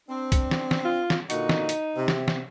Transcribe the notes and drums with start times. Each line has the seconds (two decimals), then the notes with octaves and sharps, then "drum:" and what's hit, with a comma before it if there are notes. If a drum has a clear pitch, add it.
0.08 C4 D4
0.32 drum: kick, hi-hat
0.51 drum: snare
0.71 drum: snare
0.85 F4
1.10 drum: snare
1.30 A#2 D3 D#4 F#4, drum: hi-hat
1.49 drum: snare
1.69 drum: hi-hat
1.96 C3
2.08 drum: snare
2.28 drum: snare